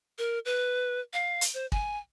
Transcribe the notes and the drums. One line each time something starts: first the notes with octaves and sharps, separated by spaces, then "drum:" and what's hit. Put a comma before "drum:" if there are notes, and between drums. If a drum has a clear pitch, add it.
A#4
B4
F5
drum: hi-hat
C5
G#5, drum: kick